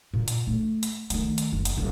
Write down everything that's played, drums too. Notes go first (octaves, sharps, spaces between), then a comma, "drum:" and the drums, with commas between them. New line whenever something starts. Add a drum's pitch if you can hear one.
A#2
drum: hi-hat
A3
drum: hi-hat
D#3 A3, drum: hi-hat
drum: hi-hat
F#1
drum: hi-hat
D#1 A1